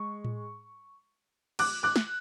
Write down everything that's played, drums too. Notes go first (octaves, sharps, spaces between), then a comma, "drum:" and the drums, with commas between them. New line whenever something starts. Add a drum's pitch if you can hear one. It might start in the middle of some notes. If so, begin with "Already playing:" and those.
Already playing: G#3 C#6
drum: tom A2
D6 F#6, drum: cymbal
D6 F#6
drum: snare